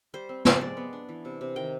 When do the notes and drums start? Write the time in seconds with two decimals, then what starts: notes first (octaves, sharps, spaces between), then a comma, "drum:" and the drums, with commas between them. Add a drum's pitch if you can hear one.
0.14 G3 C5
0.29 C4
0.45 C4, drum: snare
0.61 G#3 D5
0.77 B3
0.93 D4
1.09 E3
1.25 C3
1.41 C3
1.56 D#3 G5